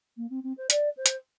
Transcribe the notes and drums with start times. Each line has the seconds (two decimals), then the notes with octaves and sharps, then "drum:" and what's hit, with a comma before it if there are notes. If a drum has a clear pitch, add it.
0.16 A#3
0.29 C4
0.43 C4
0.57 C5
0.70 D5, drum: hi-hat
0.97 C5
1.06 drum: hi-hat